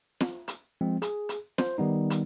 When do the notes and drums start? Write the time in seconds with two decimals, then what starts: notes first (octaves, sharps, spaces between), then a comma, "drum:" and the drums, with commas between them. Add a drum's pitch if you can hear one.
0.21 drum: snare
0.48 drum: hi-hat
0.81 F3 G#3 C4
1.02 G#4, drum: hi-hat
1.29 drum: hi-hat
1.58 C5, drum: snare
1.78 D#3 G3 B3 D#4
2.10 drum: hi-hat